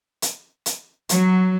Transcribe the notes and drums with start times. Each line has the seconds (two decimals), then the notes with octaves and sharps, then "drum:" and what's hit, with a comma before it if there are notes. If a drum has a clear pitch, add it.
0.22 drum: hi-hat
0.66 drum: hi-hat
1.09 F#3, drum: hi-hat